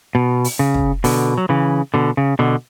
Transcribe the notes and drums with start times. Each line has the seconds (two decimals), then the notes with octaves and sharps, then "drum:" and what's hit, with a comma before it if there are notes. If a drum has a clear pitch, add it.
0.15 B2
0.44 drum: open hi-hat
0.59 C#3
0.74 drum: kick
1.04 B2 D3, drum: open hi-hat
1.38 F#3
1.49 C#3 E3
1.94 B2 D3
2.17 C#3
2.39 B2 D3